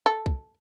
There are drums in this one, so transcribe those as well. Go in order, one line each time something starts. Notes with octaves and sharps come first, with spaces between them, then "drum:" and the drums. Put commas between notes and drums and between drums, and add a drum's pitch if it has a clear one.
A4
drum: kick